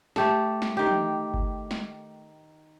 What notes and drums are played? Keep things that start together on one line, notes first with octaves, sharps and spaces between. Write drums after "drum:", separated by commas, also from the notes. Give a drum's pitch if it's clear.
A3 G4 A4, drum: snare
drum: snare
D#3 G4
drum: tom
drum: kick G1
drum: snare